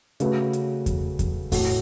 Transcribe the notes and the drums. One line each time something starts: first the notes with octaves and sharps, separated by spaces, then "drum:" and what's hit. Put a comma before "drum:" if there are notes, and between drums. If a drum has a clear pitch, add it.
C#3 A3 F#4 B4, drum: hi-hat
drum: hi-hat
drum: kick E2, hi-hat
drum: kick E2, hi-hat
A2 A3 F#4, drum: kick E2, open hi-hat